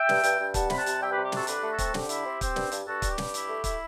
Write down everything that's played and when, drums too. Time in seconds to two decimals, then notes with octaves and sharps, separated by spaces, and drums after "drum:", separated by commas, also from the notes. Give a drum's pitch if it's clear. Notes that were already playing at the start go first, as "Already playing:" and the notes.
Already playing: E5 G5
0.09 G2, drum: snare
0.23 G2, drum: hi-hat
0.39 G2
0.54 G3 F#5 A5, drum: kick, hi-hat
0.70 C3 B5, drum: snare
0.77 F#5 A5
0.86 C3, drum: hi-hat
1.01 G3 E5 G5
1.12 C3 G4 B4
1.24 G4
1.32 D4 F#4 A4, drum: snare
1.47 D3 G4 B4, drum: hi-hat
1.64 A3
1.70 F#4 A4
1.78 C4, drum: kick, hi-hat
1.85 A4
1.94 D3 G4, drum: snare
2.09 E4, drum: hi-hat
2.25 C4
2.41 C4, drum: kick, hi-hat
2.56 G2, drum: snare
2.72 G2, drum: hi-hat
2.86 G2 F#4 A4
3.02 G3, drum: kick, hi-hat
3.10 G4
3.18 G2, drum: snare
3.34 E4, drum: hi-hat
3.48 A3
3.64 E4, drum: kick, hi-hat